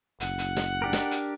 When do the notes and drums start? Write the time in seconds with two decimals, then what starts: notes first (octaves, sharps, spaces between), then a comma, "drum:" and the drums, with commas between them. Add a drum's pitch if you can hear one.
0.20 F#1 F#5, drum: hi-hat
0.38 drum: hi-hat
0.57 drum: snare
0.82 D4 G4 A#4
0.93 drum: snare
1.11 drum: hi-hat